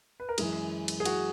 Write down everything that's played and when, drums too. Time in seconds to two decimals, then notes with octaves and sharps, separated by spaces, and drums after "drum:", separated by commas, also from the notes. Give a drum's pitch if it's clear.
0.20 B4
0.29 A#4
0.38 F#2 E3 G#3 G#4, drum: cymbal
0.88 drum: cymbal
1.00 G#4
1.05 F#4, drum: cymbal